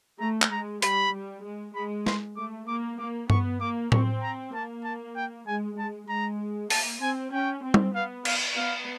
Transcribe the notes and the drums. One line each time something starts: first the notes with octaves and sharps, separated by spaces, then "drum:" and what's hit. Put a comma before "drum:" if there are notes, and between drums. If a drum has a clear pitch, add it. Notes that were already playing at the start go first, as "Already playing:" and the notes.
A3 A#5
drum: clap
G#3 A#5
G3 B5, drum: hi-hat
G3
G#3
G#3 B5
C6, drum: snare
A3 D6
A#3 D6
A#3 D6
B3 C#6, drum: tom G2
A#3 D6
C4 C#6, drum: tom A2
A#5
A#3 A5
A5
G5
G#3 G#5
G#3 A5
G#3 A#5
A#3 A5, drum: open hi-hat
C4 G#5
C#4 G5
C4
drum: tom G3
B3 F5
F5, drum: cymbal
B3 F5